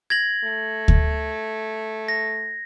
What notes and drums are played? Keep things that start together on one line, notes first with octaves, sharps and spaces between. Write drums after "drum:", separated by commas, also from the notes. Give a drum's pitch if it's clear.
G#6 A#6 F#7
A3
drum: kick D2
A#6